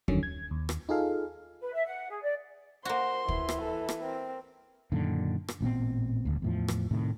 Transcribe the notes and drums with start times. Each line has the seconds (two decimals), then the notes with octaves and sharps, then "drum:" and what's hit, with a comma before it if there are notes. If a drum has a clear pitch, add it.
0.08 F2 D3 D#3 F#3 C#4, drum: kick
0.23 G#6
0.51 D#2
0.69 drum: rim click
0.89 D#4 F4 G#4 A4 F5
1.61 B4
1.74 E5
1.85 F#5
2.09 G#4
2.22 D5
2.85 A#3 F#4 C5 C6
3.28 E3, drum: kick
3.49 drum: rim click
3.61 A4
3.89 drum: rim click
4.01 C4 A#4
4.92 F#2 A#2 D3 D#3
5.48 drum: rim click
5.61 A1 A#2 B3 C4
6.25 D#1 D2
6.42 E2 A2 F3
6.68 drum: rim click
6.91 A2 C3 D#3